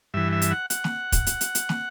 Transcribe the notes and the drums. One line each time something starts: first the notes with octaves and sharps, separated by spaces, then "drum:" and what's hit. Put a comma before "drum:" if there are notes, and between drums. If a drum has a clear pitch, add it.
G2 E3 E5
E5
drum: hi-hat
F#5
F#5, drum: hi-hat
drum: snare
drum: kick, hi-hat
drum: hi-hat
drum: hi-hat
drum: hi-hat
drum: snare